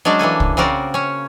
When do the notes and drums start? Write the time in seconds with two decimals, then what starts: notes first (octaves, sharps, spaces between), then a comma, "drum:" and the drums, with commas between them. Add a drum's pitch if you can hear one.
0.05 F#3 G#3 C#4 D4 F#4
0.19 E3 A#3 A4 G#5
0.40 drum: kick
0.57 C#3 C4 F#4 A#4 D5 F#5
0.94 C#4 C#5